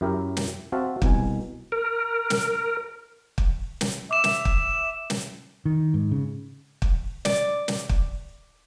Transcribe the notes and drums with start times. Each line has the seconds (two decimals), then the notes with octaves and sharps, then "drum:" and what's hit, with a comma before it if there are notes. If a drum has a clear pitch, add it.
0.01 F#2 E4 G4 A#4
0.37 drum: snare
0.72 C4 F#4 E5 F5 A5
1.02 C2 B2 G#5, drum: kick
1.72 A#4
2.30 drum: snare
3.38 drum: kick
3.81 drum: snare
4.11 E5 D6 E7
4.24 drum: snare
4.45 drum: kick
5.10 drum: snare
5.65 D#3
5.94 G#2
6.11 C#3
6.82 drum: kick
7.25 D5, drum: snare
7.68 drum: snare
7.89 drum: kick